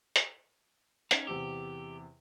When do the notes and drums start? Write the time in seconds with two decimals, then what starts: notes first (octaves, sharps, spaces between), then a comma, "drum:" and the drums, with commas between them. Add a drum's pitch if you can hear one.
0.16 drum: hi-hat
1.11 C#4 D#4, drum: hi-hat
1.27 E2 C3 G4 E6